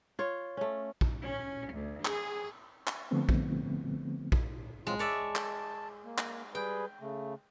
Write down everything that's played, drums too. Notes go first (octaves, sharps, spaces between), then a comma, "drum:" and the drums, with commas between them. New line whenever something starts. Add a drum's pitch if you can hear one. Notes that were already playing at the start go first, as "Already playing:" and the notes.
F4 C#5
A3 C#4
drum: kick A#1
C#4
D2
G#4, drum: clap
drum: clap
D3 F3 A3 B3 C4
drum: kick A#1
drum: kick A#1
F#3 G#3 C4 F4
C#5 D5 E5 A5
drum: clap
A#3
drum: clap
G3 G#4 B4 G5
C#3 A3